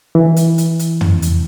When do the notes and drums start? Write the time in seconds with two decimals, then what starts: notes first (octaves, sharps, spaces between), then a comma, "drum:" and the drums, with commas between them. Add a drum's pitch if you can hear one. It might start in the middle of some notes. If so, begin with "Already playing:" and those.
0.15 E3
0.36 drum: hi-hat
0.58 drum: hi-hat
0.79 drum: hi-hat
1.01 drum: tom
1.22 drum: hi-hat